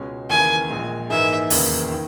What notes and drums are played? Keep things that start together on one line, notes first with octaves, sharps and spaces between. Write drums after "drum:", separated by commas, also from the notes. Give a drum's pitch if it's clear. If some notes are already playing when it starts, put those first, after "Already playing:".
Already playing: C#2 B2 G#3 C#4
D#2 C#3 E3 A#3 E4 G#5
A#1 A#2 G#3
G#2 E3 A#3 D#4 G#4 E5
E1 D#2 C#3 E3 A#3, drum: open hi-hat
D#3